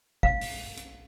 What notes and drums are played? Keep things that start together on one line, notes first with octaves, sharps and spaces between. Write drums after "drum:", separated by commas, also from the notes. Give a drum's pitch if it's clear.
F5, drum: kick
drum: open hi-hat
drum: hi-hat